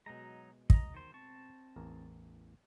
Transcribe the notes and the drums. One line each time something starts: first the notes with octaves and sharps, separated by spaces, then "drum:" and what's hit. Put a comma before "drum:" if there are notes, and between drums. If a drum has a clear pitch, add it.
B2 F#3 G#3 D#4 A#5
D#5 A#5, drum: kick
D#3 C5
C4 A5 C#6
A1 E2 A#4